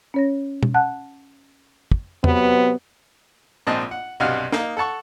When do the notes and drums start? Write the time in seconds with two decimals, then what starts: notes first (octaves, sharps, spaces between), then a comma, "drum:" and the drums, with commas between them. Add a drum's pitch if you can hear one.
0.14 C#4 C#5 A#6
0.63 drum: tom B2
0.74 F#5 A5 F#6
1.91 drum: kick
2.24 C3 F#3 B3, drum: tom
3.67 A#1 G#2 C4 D#5 A5
3.91 F#5
4.20 B1 G2 C3 F#4 F5 F6
4.52 A#3 D#4 D#5, drum: snare
4.77 A4 F#5 A5 C#6